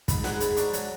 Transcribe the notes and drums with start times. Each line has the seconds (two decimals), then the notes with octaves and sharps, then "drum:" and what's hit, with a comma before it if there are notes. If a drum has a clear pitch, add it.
0.08 G#2 B5, drum: kick, hi-hat
0.24 G#3 F#5, drum: snare
0.40 G#2 B5, drum: hi-hat
0.57 D4 C#6, drum: hi-hat
0.73 F#3, drum: hi-hat